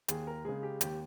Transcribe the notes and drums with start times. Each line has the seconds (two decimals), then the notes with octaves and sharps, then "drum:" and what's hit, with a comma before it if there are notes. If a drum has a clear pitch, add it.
0.08 D#2 G#4, drum: hi-hat
0.27 A#4
0.45 C#3 G#3 G#4
0.63 G4
0.81 D#2 G4, drum: hi-hat